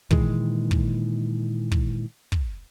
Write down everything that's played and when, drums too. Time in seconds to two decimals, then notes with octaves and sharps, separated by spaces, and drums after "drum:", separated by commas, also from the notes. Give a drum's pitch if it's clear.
0.11 A#2 D#3 E3 G#3, drum: kick
0.71 drum: kick
1.72 drum: kick
2.32 drum: kick